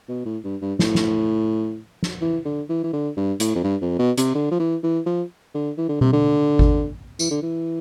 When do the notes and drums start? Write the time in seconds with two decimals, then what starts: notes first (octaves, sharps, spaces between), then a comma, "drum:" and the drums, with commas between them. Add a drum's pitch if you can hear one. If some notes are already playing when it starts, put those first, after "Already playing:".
0.09 B2
0.25 A2
0.44 G2
0.62 G2
0.79 A2, drum: snare
0.95 drum: snare
2.03 drum: snare
2.21 E3
2.45 D3
2.69 E3
2.84 E3
2.93 D3
3.17 G2
3.40 A2, drum: hi-hat
3.55 F2
3.64 G2
3.82 F2
3.99 B2
4.18 C3, drum: hi-hat
4.35 D3
4.51 F3
4.59 E3
4.83 E3
5.06 F3
5.54 D3
5.78 E3
5.89 D3
6.01 C3, drum: tom B2
6.13 D3
6.59 drum: kick G#1
7.19 E3, drum: tambourine
7.31 D3
7.42 E3